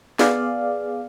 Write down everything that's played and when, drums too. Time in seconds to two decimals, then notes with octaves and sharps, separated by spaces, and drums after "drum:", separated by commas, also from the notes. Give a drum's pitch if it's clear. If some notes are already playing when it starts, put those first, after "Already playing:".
0.19 B3 G#4 D5 F5, drum: snare